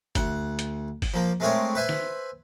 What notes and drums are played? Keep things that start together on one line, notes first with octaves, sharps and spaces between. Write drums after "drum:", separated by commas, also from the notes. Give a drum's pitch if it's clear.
D2 F#5, drum: kick, hi-hat
drum: hi-hat
drum: kick, open hi-hat
F3 A#3
G#3 A3 C4 G#4 A#4 C#5
B4 C5 E5 G#5 B5
drum: snare